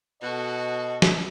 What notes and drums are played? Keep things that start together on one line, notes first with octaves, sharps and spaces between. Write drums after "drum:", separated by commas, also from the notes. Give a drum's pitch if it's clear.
B2 F#4 A4 D#5
drum: snare